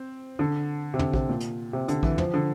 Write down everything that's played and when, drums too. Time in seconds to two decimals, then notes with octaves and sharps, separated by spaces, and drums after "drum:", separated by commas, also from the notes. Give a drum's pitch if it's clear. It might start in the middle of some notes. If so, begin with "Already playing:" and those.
Already playing: C4
0.39 D3
0.94 C3
0.99 D3, drum: tom
1.14 C3, drum: kick A#1
1.29 A#2
1.40 drum: hi-hat
1.73 C3
1.88 D3, drum: hi-hat
2.03 E3, drum: kick A#1
2.18 F3, drum: tom
2.34 D3